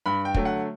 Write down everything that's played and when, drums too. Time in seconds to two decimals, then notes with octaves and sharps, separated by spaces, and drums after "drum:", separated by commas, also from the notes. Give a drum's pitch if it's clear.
0.06 G2 B5
0.25 G5
0.34 D3 F#3 A3, drum: kick
0.45 F#5